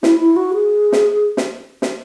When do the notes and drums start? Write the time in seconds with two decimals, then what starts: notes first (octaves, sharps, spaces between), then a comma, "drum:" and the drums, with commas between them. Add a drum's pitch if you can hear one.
0.03 E4, drum: snare
0.20 E4
0.36 F#4
0.54 G#4
0.92 drum: snare
1.37 drum: snare
1.82 drum: snare